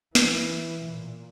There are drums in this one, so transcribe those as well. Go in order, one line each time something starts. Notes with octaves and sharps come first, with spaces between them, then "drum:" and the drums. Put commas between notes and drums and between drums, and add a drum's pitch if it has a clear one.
E3, drum: snare
A#2